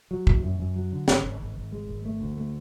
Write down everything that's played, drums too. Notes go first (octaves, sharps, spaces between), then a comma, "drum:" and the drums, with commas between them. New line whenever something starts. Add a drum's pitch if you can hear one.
F#3
F#2, drum: kick
F#2
F#2
F#3
D3
G#1, drum: snare
G#1
G#1
G#1
G#3
G#1
A3
D2
A3